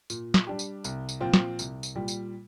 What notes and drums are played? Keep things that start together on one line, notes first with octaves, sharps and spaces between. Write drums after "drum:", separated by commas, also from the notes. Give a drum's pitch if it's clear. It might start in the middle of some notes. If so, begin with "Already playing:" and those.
A#2, drum: tambourine
drum: snare
G3 D4 G4
drum: tambourine
C2, drum: tambourine
drum: tambourine
A#2 F3 C4 F4
drum: snare
C2, drum: tambourine
drum: tambourine
A#2 G3
drum: tambourine